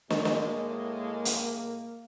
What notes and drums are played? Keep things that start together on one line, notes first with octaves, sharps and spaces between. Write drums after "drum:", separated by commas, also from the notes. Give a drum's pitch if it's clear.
A2 G#3 A#3 D#5, drum: snare
drum: snare
drum: hi-hat